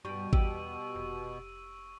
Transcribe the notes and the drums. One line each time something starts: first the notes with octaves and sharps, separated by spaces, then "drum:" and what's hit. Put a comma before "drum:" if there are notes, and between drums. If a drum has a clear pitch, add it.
G2 B2 G3 C#6 D7
E2 G4 E6 D#7, drum: kick G#1
F1